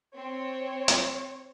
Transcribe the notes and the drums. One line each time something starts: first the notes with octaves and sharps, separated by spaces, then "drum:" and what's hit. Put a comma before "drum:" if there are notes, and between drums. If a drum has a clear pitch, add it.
C4 C#5
drum: hi-hat